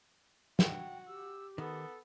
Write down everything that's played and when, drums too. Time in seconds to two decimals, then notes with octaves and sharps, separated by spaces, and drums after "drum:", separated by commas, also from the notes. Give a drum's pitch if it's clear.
0.59 F#4 G5, drum: snare
1.08 G4 E6
1.58 D#3 B3 A4